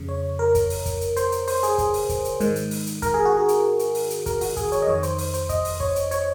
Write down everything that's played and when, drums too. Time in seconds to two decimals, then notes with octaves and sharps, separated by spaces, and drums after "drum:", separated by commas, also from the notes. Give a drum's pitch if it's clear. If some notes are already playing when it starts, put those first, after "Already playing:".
Already playing: F2 C#3
0.09 C#5
0.39 A#4
0.55 drum: kick, hi-hat
0.70 drum: open hi-hat
0.86 drum: kick, hi-hat
1.01 drum: hi-hat
1.17 C5, drum: hi-hat
1.32 drum: hi-hat
1.48 C5, drum: open hi-hat
1.63 G#4, drum: hi-hat
1.78 G#4, drum: kick, hi-hat
1.94 drum: open hi-hat
2.09 drum: kick, hi-hat
2.25 drum: hi-hat
2.40 G#2 D#3, drum: hi-hat
2.56 drum: hi-hat
2.71 drum: open hi-hat
2.87 drum: hi-hat
3.02 A#4, drum: kick, hi-hat
3.14 G#4
3.25 F#4
3.37 G#4
3.48 drum: hi-hat
3.79 drum: hi-hat
3.95 drum: open hi-hat
4.10 drum: hi-hat
4.26 A#4, drum: kick, hi-hat
4.41 F#4, drum: open hi-hat
4.57 G#4, drum: kick, hi-hat
4.72 C#5, drum: hi-hat
4.82 D#5
4.87 F2 D#3 C#5
5.03 C5, drum: hi-hat
5.19 C5, drum: open hi-hat
5.34 C5, drum: hi-hat
5.49 D#5, drum: kick, hi-hat
5.65 drum: open hi-hat
5.80 C#5, drum: kick
5.96 drum: hi-hat
6.11 C#5, drum: hi-hat